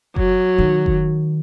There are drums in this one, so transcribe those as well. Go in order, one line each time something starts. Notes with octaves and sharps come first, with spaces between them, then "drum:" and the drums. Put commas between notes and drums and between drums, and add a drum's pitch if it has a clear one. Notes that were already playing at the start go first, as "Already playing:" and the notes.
F#3, drum: kick F#1
D#3
drum: kick F#1